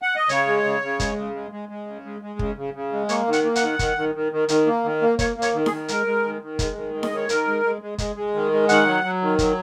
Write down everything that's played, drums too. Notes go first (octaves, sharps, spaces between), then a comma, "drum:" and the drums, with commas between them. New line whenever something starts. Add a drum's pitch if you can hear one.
F#5
D#5
C#3 C#5, drum: hi-hat
G#3
C#3
C#3
G#3, drum: kick, hi-hat
C#3
G#3
G#3
G#3
C#3
G#3
G#3
C#3, drum: kick
C#3
C#3
G#3
A#3 C#5, drum: hi-hat
D#3
F#5, drum: hi-hat
A#3
F#5, drum: hi-hat
D#3
D#3, drum: kick, hi-hat
D#3
D#3
D#3
D#3, drum: hi-hat
A#3
D#3
A#3
A#3 C#5, drum: kick, hi-hat
A#3
C#5, drum: hi-hat
D#3
G#4, drum: snare D#4
D#3
G#3 A#4, drum: hi-hat
G#3
D#3
D#3
G#3, drum: kick, hi-hat
D#3
G#3
D#5, drum: snare D#4
D#3 C#5
D#3 A#4, drum: hi-hat
G#3
G#3
G#3
G#3, drum: kick, hi-hat
G#3
D#3
G#3
D#3 F#5, drum: hi-hat
F#3
F#3
D#3
F#3, drum: kick, hi-hat